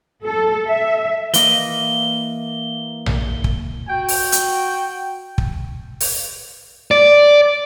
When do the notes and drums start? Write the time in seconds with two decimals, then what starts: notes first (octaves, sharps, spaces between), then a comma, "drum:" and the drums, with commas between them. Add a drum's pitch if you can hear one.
0.25 A4
0.70 E5
1.34 E3 A#3 D#5 G7, drum: hi-hat
3.06 drum: tom A#1
3.44 drum: kick
3.89 F#4 G5
4.08 drum: open hi-hat
4.32 drum: hi-hat
5.38 drum: kick
6.00 drum: open hi-hat
6.91 D5